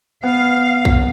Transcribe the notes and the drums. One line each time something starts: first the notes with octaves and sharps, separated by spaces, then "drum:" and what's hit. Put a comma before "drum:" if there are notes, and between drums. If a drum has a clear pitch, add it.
B3 F5
drum: kick A#1